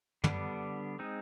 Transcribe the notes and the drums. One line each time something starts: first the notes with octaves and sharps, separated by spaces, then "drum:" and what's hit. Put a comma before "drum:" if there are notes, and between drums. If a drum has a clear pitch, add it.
D3 G3 B3 D4, drum: tom
G#3 C4 D#4